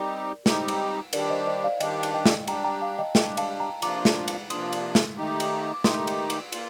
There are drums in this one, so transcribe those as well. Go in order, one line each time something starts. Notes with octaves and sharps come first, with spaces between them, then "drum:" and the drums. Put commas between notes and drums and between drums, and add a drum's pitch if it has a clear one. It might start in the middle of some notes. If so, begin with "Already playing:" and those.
Already playing: G3 C4 D#4 G4 A#4 D5
G3 C4 D#4 G4, drum: snare
drum: cymbal
D#3 G3 D4 G4 A#4 D5, drum: cymbal
C5 D#5
C5 D#5
D5 F5
D#3 G3 D4 G4 D#5 G5, drum: cymbal
drum: cymbal
D#5 G5
drum: snare
G3 D4 G4 G5 A#5, drum: cymbal
G5 A#5
F5 A5
D#5 G5
G3 D4 G4 D#5 G5, drum: snare
F5 A5, drum: cymbal
G5 A#5
C3 F3 A#3 D4 F4 A#5 D6, drum: cymbal
drum: snare
drum: cymbal
C3 F3 A#3 D4 F4 C6 D#6, drum: cymbal
drum: cymbal
drum: snare
D#3 A3 D#4 G4
drum: cymbal
D6
D#3 A3 D#4 G4 C6 D#6, drum: snare
drum: cymbal
drum: cymbal
A#3 F4, drum: cymbal